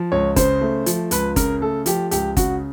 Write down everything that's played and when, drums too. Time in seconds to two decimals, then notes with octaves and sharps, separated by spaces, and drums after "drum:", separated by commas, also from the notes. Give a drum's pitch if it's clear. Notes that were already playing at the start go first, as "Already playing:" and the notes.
Already playing: F3
0.12 C#2 C#5
0.36 C#3 C5, drum: kick G1, hi-hat
0.61 A3
0.86 F3, drum: hi-hat
1.11 C#2 B4, drum: hi-hat
1.36 C#3 A#4, drum: kick G1, hi-hat
1.61 A3 A4
1.86 F3 G4, drum: hi-hat
2.11 C#2 G4, drum: hi-hat
2.37 C#3 F#4, drum: kick G1, hi-hat